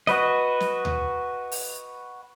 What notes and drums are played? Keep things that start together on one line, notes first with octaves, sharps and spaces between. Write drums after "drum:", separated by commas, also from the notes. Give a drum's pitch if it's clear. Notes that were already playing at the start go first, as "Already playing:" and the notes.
F#4 B4 D#5, drum: snare
drum: snare
drum: tom D2
drum: open hi-hat